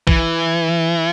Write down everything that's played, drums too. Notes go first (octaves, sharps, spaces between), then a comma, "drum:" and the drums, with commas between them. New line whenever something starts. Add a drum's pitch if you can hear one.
E3, drum: kick A#1